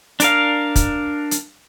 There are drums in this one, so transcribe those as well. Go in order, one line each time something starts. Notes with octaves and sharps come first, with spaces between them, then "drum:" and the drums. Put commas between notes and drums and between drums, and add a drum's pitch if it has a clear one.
D4 A#4 F5, drum: hi-hat
drum: kick, hi-hat
drum: hi-hat